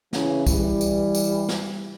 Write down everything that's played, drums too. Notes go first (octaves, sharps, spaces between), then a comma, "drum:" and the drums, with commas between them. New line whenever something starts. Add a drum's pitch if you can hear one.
C#3 E3, drum: snare
E3 G3, drum: kick, tambourine
drum: tambourine
drum: tambourine
drum: snare